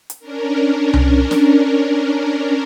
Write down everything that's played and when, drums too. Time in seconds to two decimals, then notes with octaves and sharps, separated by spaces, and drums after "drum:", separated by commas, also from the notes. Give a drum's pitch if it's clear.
0.10 drum: hi-hat
0.19 C#4 D4 A#4
0.94 drum: tom C2
1.31 drum: snare